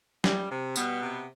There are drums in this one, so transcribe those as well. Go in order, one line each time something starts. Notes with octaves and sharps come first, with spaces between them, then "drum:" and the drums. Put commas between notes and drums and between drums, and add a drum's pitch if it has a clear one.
G3, drum: snare
C3
B2 G3 B3, drum: tambourine
C3